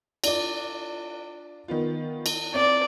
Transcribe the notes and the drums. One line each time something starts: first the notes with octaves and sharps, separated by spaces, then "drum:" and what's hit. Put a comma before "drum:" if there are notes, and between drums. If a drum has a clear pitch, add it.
D4 F4 D5, drum: cymbal
D#3 B3 F4
drum: cymbal
C4 D5